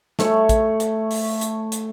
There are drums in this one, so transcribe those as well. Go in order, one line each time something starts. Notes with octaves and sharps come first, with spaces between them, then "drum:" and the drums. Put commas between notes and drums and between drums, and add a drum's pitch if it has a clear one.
A3 C#5, drum: snare
drum: kick, hi-hat
drum: hi-hat
drum: open hi-hat
drum: hi-hat
drum: hi-hat